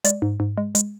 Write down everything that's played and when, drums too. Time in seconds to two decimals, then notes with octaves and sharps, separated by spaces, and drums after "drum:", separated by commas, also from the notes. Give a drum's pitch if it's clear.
0.04 G#3 D5, drum: hi-hat
0.22 G#2
0.40 G#2
0.58 G#3
0.75 G#3, drum: hi-hat